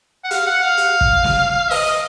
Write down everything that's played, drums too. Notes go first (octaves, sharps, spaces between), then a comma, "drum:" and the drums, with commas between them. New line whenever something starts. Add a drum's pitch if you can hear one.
F#5
F5, drum: hi-hat
F#5
F5
drum: hi-hat
drum: kick
drum: snare
D#5, drum: open hi-hat